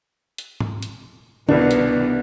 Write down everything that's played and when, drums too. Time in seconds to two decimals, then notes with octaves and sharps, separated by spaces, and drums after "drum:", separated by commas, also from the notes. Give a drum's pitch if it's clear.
0.38 drum: hi-hat
0.60 drum: tom G#2
0.83 drum: hi-hat
1.49 C2 B2 D#3 B3 D4 B4, drum: tom D3
1.71 drum: hi-hat